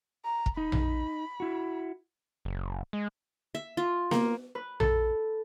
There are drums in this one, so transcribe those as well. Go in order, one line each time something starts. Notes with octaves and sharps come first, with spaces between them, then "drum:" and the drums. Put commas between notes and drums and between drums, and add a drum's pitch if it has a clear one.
A#5
drum: kick
D#4 B5
drum: tom A#1
E4 F#4
F#1
G#3
E5
F4
A#3, drum: snare B3
B4
A4, drum: tom A#1